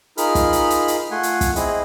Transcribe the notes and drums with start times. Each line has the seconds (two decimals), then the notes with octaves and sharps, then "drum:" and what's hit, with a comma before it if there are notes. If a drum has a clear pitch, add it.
0.18 D#4 F4 G#4 A#4 B5 F6, drum: hi-hat
0.35 drum: kick, hi-hat
0.53 drum: hi-hat
0.70 drum: hi-hat
0.88 drum: hi-hat
1.11 A3 F4 F#5 G#5 C6
1.23 drum: hi-hat
1.41 drum: kick, hi-hat
1.56 C4 E4 G#4 D#5, drum: hi-hat